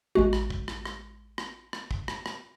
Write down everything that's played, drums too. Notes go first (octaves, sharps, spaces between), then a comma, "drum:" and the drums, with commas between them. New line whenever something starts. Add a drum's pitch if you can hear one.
A1 G#3 F#4
drum: rim click
drum: kick
drum: rim click
drum: rim click
drum: rim click
drum: rim click
drum: kick
drum: rim click
drum: rim click